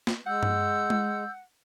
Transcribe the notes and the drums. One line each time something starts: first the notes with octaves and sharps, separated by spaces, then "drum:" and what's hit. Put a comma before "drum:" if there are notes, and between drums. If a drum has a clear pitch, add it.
drum: snare
G#3 F#5 E6 G6
drum: tom G2
drum: tom G#3